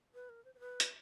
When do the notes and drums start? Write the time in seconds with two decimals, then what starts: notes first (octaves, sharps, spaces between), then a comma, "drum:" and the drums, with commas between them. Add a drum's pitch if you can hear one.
0.14 B4
0.29 A#4
0.45 C5
0.55 C5
0.60 B4
0.80 drum: hi-hat